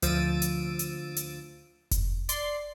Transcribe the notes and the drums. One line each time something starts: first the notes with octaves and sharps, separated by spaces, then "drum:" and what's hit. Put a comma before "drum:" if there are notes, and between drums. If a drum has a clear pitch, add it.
D2 F3 E6 A6 D7 D#7, drum: hi-hat
drum: hi-hat
drum: hi-hat
drum: hi-hat
drum: kick F1, hi-hat
D5 C6 C7, drum: hi-hat